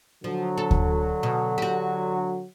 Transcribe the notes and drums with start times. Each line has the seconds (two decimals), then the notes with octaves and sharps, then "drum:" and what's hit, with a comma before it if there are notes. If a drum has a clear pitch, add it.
0.24 D3 F3 F#3
0.58 A4
0.71 drum: kick D2
1.23 B2
1.58 F#4 G4